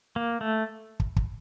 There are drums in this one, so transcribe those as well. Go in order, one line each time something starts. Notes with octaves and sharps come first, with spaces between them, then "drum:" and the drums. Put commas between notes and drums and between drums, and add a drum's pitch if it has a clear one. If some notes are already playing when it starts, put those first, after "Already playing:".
A#3
A3
drum: kick
drum: kick